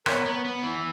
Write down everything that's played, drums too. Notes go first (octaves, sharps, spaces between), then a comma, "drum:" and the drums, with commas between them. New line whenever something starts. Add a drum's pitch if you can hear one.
B3 A#4 C#5, drum: rim click
B3
B3
E3